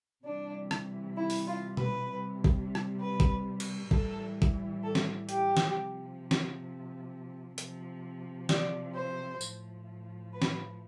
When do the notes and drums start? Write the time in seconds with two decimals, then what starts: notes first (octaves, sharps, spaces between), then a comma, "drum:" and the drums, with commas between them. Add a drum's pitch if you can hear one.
0.24 C3 E3 G3 D4
0.71 drum: rim click
1.16 E4
1.30 drum: open hi-hat
1.47 F4
1.77 B4, drum: tom B2
2.08 C3 G3
2.44 drum: kick
2.75 drum: rim click
3.00 B4
3.20 drum: kick
3.60 drum: cymbal
3.91 A2 E3 G3 A4, drum: kick
4.42 drum: kick
4.83 A4
4.95 drum: snare
5.29 G4, drum: hi-hat
5.57 drum: snare
5.74 C3 F3
6.31 drum: snare
7.58 C3 F3, drum: hi-hat
8.49 D5, drum: snare
8.95 C5
9.41 A2 F3, drum: tambourine
10.32 B4
10.42 drum: snare